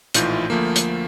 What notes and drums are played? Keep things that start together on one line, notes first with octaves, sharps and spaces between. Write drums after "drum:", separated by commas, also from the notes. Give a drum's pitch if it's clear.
A#1 A2 E3 D#4 F4 G6, drum: hi-hat
D2 F3 A3 A#3
drum: hi-hat